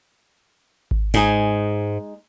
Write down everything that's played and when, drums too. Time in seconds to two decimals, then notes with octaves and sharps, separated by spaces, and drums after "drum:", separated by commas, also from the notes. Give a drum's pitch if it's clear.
0.91 drum: kick G#1
1.14 G#2 G#3 D#4 G#4, drum: open hi-hat